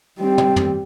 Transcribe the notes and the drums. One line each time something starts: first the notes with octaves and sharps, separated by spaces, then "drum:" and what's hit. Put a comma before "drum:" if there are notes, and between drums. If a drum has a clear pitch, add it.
G3 C4
drum: tom
drum: tom